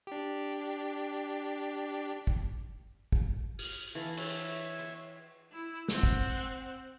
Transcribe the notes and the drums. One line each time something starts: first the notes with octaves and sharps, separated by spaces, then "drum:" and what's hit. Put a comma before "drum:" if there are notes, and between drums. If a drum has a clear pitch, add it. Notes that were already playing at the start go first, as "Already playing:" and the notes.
D4 G4
drum: kick
drum: kick
F6, drum: open hi-hat
E3 A4 F5 A5
C#5 E5, drum: cymbal
C6
E4
C4 F#5, drum: snare
drum: kick